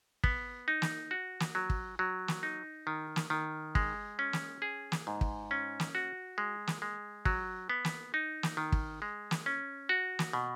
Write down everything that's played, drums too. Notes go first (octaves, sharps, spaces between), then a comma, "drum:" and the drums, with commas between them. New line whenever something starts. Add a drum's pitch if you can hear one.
B3, drum: kick
D#4
drum: snare
F#4
drum: snare
F#3
drum: kick
F#3
drum: snare
D#4
D#3
drum: snare
D#3
G#3, drum: kick
C#4
drum: snare
G#4
drum: snare
G#2
drum: kick
C#4
drum: snare
F#4
G#3
drum: snare
G#3
F#3, drum: kick
B3
drum: snare
D#4
drum: snare
D#3
drum: kick
G#3
drum: snare
C#4
F#4
drum: snare
B2